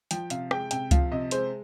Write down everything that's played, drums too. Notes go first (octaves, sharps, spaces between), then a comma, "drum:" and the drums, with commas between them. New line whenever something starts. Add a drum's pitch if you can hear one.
F3 G5, drum: hi-hat
C3 F5, drum: hi-hat
G#3 G5, drum: rim click
C3 G5, drum: hi-hat
F3 F5, drum: kick C#2, hi-hat
C3 D#5
G#3 C5, drum: hi-hat